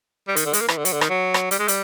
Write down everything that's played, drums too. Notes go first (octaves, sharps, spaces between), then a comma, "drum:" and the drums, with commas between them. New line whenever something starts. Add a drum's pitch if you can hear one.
G3
D#3, drum: hi-hat
D3
G#3, drum: hi-hat
A#3
E3, drum: rim click
D3
F#3, drum: hi-hat
D3
D#3, drum: rim click
F#3
drum: rim click
G3, drum: hi-hat
G#3
G3, drum: hi-hat